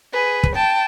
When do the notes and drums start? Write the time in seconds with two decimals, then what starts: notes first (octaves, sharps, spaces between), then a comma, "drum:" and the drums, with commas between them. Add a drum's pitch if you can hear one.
0.13 G#4 B4
0.43 drum: kick
0.55 G5 A5